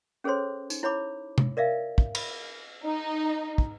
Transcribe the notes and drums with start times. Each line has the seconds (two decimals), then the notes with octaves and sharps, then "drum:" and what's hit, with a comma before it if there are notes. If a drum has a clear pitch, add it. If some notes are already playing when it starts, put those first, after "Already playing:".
0.24 C#4 G#4 A4 C5 C#5 C6
0.70 D#4, drum: tambourine
0.83 E4 C#5 B5 D6
1.38 drum: tom C3
1.57 A#4 D5 E5 F5
1.98 drum: kick
2.15 B5, drum: cymbal
2.85 D#4
3.58 drum: kick